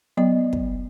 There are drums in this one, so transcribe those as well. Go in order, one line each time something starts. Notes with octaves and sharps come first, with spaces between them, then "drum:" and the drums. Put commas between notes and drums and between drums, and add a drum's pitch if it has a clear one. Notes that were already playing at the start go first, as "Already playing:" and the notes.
F#3 B3 D#5
drum: kick